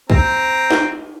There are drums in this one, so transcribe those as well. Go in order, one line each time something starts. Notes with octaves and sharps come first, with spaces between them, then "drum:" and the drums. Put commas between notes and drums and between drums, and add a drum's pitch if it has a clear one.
C4 A#5, drum: kick
drum: snare